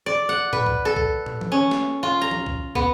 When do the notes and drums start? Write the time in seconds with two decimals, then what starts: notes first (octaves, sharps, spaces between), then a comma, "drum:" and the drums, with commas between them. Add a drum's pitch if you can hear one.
0.06 D5
0.29 F#5
0.53 B4, drum: tom A2
0.66 drum: kick
0.85 A4
0.96 drum: kick
1.26 drum: tom
1.41 drum: tom E3
1.52 C#4
1.71 drum: snare
2.03 F4
2.21 A#5
2.31 drum: tom E3
2.46 drum: kick
2.75 B3, drum: kick